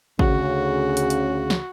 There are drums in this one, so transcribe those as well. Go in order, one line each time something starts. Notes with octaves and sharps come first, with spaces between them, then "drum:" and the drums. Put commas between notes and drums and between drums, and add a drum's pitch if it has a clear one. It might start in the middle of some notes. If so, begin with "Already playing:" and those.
D2 C#3 F#4, drum: kick G#1
drum: hi-hat
drum: hi-hat
drum: snare